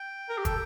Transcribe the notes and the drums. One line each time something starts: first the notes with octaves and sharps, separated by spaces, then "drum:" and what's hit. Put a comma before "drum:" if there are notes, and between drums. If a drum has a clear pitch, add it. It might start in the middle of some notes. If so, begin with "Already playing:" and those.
Already playing: G5
A#4
G4
A4, drum: kick, hi-hat